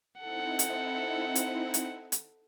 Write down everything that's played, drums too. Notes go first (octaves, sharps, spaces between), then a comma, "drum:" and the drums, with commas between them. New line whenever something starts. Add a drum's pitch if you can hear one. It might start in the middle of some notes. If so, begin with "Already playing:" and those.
C4 D#4 E4 A4 F#5
drum: hi-hat
drum: hi-hat
drum: hi-hat
drum: hi-hat